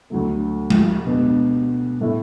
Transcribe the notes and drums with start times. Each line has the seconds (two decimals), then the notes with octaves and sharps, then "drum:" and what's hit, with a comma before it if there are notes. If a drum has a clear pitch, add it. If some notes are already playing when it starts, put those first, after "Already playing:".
0.10 D2 D3 F#3 A3
0.70 drum: tom G#3
1.05 B2 B3 D4
2.01 A2 A3 E4